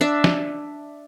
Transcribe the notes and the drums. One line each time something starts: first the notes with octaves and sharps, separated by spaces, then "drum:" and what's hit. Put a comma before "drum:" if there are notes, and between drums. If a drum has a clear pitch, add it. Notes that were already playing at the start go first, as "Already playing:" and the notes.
D4 E5
drum: snare